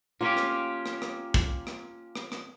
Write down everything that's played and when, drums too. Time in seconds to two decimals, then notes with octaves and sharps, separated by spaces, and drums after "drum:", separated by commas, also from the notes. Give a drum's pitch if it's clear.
0.21 A#3 C#4 F4 G4
0.37 drum: rim click
0.86 drum: rim click
1.02 drum: rim click
1.34 drum: kick
1.67 drum: rim click
2.16 drum: rim click
2.32 drum: rim click